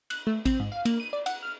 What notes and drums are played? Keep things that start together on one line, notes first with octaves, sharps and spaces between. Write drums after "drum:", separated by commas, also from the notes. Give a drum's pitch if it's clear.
F#6, drum: cymbal
A3
C4, drum: kick A1, cymbal
G#2
F5
A#3, drum: cymbal
D#7
D5
F#5, drum: cymbal
F6